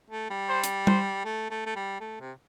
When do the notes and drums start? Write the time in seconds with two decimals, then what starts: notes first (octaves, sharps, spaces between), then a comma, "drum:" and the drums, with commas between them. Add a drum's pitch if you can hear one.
0.11 A3
0.30 G3
0.49 C5
0.64 drum: hi-hat
0.87 C5, drum: tom G3
1.25 A3
1.50 A3
1.66 A3
1.76 G3
2.01 A3
2.21 C3